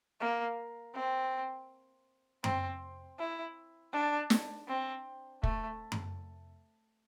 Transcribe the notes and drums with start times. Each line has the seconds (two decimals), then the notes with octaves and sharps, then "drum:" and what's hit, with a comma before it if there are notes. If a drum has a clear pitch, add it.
0.20 A#3
0.95 C4
2.44 C4, drum: tom F#2
3.19 E4
3.93 D4
4.30 drum: snare
4.68 C4
5.43 A3, drum: kick
5.92 drum: tom F#2